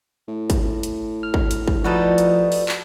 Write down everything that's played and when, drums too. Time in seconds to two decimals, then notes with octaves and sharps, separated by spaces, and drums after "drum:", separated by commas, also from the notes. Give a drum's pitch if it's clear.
0.28 A2
0.50 drum: kick, hi-hat
0.83 drum: hi-hat
1.23 F6
1.34 drum: kick
1.51 drum: hi-hat
1.68 drum: kick
1.84 F3 G3 A3 D#4 F#4 B4 A5
2.18 drum: hi-hat
2.52 drum: open hi-hat
2.69 drum: clap